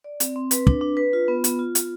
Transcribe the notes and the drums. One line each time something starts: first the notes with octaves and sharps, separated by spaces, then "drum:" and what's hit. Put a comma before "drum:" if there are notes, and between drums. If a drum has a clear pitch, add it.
D5
C4, drum: hi-hat
C4
B4, drum: hi-hat
D4, drum: kick
D4
B4
F4
B3
B3, drum: hi-hat
F4
F4, drum: hi-hat